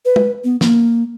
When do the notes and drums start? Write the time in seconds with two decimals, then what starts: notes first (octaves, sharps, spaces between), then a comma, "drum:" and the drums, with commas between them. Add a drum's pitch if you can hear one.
0.05 B4
0.16 drum: tom
0.44 B3
0.61 A#3, drum: snare